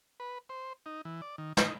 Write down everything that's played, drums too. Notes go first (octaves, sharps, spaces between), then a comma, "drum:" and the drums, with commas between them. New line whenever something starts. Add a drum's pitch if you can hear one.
B4
C5
D#4
E3
D5
D#3
D#4, drum: snare